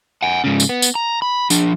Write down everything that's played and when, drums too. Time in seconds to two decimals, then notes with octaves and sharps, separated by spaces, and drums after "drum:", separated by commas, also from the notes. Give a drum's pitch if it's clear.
0.22 F#5 G#5
0.44 G#2 C#3
0.60 drum: tambourine
0.69 B3
0.82 drum: tambourine
0.95 A#5
1.22 B5
1.50 F3 D4, drum: tambourine